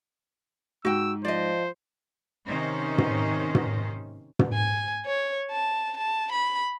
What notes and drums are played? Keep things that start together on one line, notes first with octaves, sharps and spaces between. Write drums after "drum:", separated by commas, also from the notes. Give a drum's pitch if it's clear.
G#2 F#4 G5 E6
F3 C5 D5 D#5
C3 D#3 C#4 D#4 C5
drum: tom
drum: tom
drum: tom
G#5
C#5
A5
A5
B5